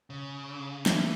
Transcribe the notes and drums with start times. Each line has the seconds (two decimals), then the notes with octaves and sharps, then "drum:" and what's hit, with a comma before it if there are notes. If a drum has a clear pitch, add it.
0.10 C#3
0.86 E3, drum: snare